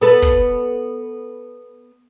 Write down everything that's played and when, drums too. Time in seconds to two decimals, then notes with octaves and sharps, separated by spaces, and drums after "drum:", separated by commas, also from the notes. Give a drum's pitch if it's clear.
0.01 B3 A4 B4
0.22 drum: kick